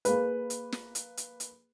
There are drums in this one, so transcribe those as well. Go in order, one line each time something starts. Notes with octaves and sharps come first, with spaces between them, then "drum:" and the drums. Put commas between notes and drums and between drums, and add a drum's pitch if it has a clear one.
A#3 G#4 B4, drum: hi-hat
drum: hi-hat
drum: snare
drum: hi-hat
drum: hi-hat
drum: hi-hat